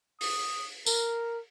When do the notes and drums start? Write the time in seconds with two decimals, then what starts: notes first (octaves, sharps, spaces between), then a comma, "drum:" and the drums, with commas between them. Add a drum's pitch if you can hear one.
0.21 D#6, drum: open hi-hat
0.86 A#4, drum: tambourine